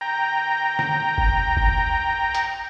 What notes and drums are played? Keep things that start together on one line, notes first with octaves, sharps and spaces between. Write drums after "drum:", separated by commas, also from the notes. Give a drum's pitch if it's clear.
G5 A#5
drum: snare
drum: kick F1
drum: kick F1
drum: hi-hat